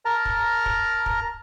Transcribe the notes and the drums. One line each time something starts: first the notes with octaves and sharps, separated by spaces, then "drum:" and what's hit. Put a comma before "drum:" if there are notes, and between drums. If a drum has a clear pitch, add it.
A#4 A5 A#5
drum: kick
drum: kick
drum: kick